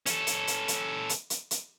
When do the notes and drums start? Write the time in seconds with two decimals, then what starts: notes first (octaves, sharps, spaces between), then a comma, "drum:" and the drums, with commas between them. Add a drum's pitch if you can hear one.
0.06 C#4 A4, drum: hi-hat
0.27 drum: hi-hat
0.47 drum: hi-hat
0.68 drum: hi-hat
1.09 drum: hi-hat
1.30 drum: hi-hat
1.51 drum: hi-hat